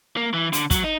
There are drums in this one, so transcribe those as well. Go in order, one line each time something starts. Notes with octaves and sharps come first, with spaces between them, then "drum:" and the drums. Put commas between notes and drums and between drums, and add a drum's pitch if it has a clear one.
A#3
E3
D3, drum: hi-hat
F#3, drum: kick, hi-hat
D#4